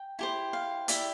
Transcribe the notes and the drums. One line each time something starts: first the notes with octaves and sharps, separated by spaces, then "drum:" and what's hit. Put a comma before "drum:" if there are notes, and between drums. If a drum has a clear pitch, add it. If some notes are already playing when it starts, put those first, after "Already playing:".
Already playing: G5
E4 G4 C5
F5
E4 G4 D5 E5, drum: hi-hat